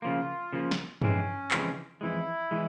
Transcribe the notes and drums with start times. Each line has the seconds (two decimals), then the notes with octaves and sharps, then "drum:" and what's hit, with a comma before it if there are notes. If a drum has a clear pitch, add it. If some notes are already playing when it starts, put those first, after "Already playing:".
0.02 C#3 F3 A#3 F4
0.53 C#3 F3 A#3
0.71 drum: snare
1.02 F2 C#3 E3 G#3 C4 C#4, drum: tom G2
1.51 F2 C#3 E3 G#3 C4, drum: clap
2.01 F2 E3 G#3 E4
2.51 E3 G#3